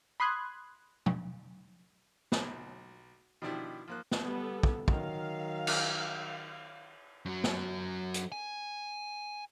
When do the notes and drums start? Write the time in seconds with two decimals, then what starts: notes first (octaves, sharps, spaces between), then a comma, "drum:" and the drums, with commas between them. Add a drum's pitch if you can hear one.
0.20 B5 C6 D#6 F#6 G#6
1.06 drum: tom
2.32 B1, drum: snare
3.42 B2 D#3 F3 D4 E4 G4
3.88 F3 A#3 F#6
4.11 drum: snare
4.22 G3 B3 A4
4.63 drum: kick
4.88 D#3 F#3 F5, drum: kick
5.67 drum: cymbal
7.26 F#2 F#3
7.44 drum: snare
8.14 drum: hi-hat
8.32 G#5